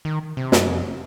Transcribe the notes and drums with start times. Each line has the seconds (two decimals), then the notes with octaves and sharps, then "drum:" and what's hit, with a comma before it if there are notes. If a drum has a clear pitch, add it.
0.05 D#3
0.37 C3
0.52 F#2, drum: snare
0.69 F2